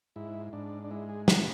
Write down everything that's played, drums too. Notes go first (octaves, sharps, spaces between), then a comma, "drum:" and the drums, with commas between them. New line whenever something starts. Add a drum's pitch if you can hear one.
G#2 E4
G#2 D4
D4
G#3 E4
G#4
B3 A4, drum: snare